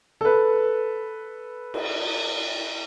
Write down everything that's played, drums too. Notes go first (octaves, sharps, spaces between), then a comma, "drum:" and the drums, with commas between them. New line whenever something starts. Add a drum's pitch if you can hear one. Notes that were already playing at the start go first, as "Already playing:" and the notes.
A4 B4
drum: cymbal